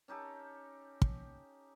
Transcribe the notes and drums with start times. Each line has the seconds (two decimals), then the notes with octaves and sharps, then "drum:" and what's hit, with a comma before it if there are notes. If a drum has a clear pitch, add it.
0.08 C#4 D#4 G4 A4
1.02 drum: kick